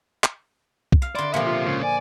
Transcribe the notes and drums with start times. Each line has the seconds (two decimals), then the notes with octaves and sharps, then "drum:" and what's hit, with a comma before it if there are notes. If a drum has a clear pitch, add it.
0.24 drum: clap
0.92 drum: kick
1.02 F5
1.15 D3 E4 D5 C6
1.34 A#2 F3 G4 E5 F5
1.45 F4
1.66 G#2 C#3
1.83 D5 G#5